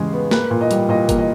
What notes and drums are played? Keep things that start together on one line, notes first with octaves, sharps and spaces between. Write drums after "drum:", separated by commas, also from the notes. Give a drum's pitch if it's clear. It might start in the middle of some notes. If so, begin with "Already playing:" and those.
Already playing: E2 C#3 G#3 G4 G#4
B3
A#3 B4, drum: snare
A#2
D#5
G3, drum: hi-hat
A#2 D#5
A#3, drum: kick F#1, hi-hat
D#5